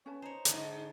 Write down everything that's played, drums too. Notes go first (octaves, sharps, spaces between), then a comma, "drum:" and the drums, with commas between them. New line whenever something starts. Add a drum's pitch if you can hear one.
C#4 B4 C#5 A5
D#4 C5 C#5
E2 G#2 D3 A5, drum: hi-hat